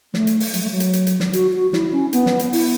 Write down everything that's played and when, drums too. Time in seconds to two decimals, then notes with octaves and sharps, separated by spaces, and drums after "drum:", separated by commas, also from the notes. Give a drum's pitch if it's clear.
0.14 A3, drum: snare
0.27 drum: hi-hat
0.40 drum: open hi-hat
0.54 F#3, drum: hi-hat
0.62 A3
0.70 F#3
0.80 drum: hi-hat
0.93 drum: hi-hat
1.07 drum: hi-hat
1.20 drum: snare
1.33 F#4, drum: hi-hat
1.53 F#4
1.73 E4, drum: snare
1.92 C#4
2.13 B3, drum: hi-hat
2.26 drum: snare
2.39 drum: hi-hat
2.53 E4, drum: open hi-hat